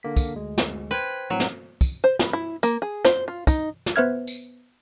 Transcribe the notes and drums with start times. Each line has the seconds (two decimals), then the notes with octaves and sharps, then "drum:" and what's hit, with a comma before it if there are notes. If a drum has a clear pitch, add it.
0.03 D3 A#3 B6
0.17 drum: kick, tambourine
0.36 D2 G#3
0.58 drum: snare
0.91 B4 C5 G5 G#6
1.30 A2 F#3 C4
1.40 drum: snare
1.81 drum: kick, tambourine
2.04 C5
2.19 B5, drum: snare
2.33 E4
2.63 A#3, drum: tambourine
2.82 G#4
3.05 C5, drum: snare
3.28 F4
3.47 D#4, drum: kick, tambourine
3.86 drum: snare
3.96 B3 B4 C5 E5 F6 G#6
4.27 drum: tambourine